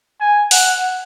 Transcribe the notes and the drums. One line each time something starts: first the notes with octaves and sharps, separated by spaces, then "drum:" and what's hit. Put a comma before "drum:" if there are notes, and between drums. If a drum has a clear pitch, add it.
G#5
F#5, drum: open hi-hat